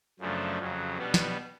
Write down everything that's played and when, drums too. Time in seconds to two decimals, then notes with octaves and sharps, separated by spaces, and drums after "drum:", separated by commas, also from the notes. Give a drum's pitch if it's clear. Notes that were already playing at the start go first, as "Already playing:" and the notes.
0.20 F#2 C#3 F3 A3 D4
0.59 F2 C#3 F#3
0.98 B2 G3 B3 D4
1.14 drum: snare